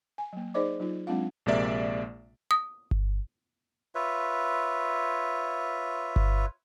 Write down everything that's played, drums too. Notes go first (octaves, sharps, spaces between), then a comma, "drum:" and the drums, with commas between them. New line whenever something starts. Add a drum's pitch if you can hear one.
G#5
F#3 A#3
D#4 G#4 C5 D5 D#5 D6
F#3 D#4 F4
F#3 G#3 C4 D4 F4 F5
A#1 C3 G#3 A#3 D5 E5
D#6
drum: kick G1
F4 B4 C#5 E5
drum: kick G1